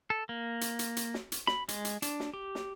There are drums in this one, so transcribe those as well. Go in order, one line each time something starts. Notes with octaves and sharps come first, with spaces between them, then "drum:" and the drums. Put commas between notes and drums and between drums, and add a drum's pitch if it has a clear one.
A4
A#3
drum: hi-hat
drum: hi-hat
drum: hi-hat
drum: snare
drum: hi-hat
B5, drum: snare
G#3, drum: hi-hat
drum: hi-hat
D4, drum: hi-hat
drum: snare
G4
drum: snare